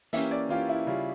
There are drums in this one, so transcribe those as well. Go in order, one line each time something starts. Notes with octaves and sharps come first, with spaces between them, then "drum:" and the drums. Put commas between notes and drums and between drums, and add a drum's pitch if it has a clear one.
E3 A#3 C#4 G4 E5, drum: open hi-hat
D5
E3 A#3 C#4 F4 G4
E4
C#3 G3 C#4 F4